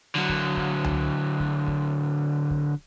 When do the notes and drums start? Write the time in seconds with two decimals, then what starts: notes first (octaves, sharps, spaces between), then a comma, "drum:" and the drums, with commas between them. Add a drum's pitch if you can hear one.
0.15 D3 F#3
0.29 drum: kick
0.57 drum: kick
0.84 drum: tom C#2
1.40 drum: kick
1.67 drum: kick
2.51 drum: kick